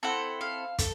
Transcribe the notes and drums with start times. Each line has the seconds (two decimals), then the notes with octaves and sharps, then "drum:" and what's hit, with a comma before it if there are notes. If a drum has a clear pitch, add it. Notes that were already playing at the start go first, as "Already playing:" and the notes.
0.03 C4 E4 A4 F#5
0.41 F5
0.78 A4, drum: kick, hi-hat